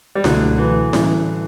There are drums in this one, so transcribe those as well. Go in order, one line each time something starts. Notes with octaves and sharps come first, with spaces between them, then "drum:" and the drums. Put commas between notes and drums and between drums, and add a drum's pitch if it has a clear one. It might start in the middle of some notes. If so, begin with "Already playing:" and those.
G3
C#2 B2 D3 F#3 A3, drum: snare E4
E3
A2 E3 G3 C#4, drum: snare E4